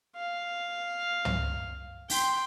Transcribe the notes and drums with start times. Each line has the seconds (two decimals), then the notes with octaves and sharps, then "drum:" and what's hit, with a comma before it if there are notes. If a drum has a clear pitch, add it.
0.16 F5
1.25 drum: tom
2.10 G5 C6, drum: open hi-hat